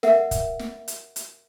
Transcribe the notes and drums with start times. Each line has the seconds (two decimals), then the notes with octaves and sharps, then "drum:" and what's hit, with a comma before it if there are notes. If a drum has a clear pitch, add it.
0.03 A#4 E5 F#5, drum: snare
0.31 drum: kick, hi-hat
0.59 drum: snare
0.88 drum: hi-hat
1.16 drum: hi-hat